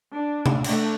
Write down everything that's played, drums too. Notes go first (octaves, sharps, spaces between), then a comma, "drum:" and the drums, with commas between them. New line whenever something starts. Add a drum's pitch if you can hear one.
D4
drum: tom C3
A3 D4, drum: cymbal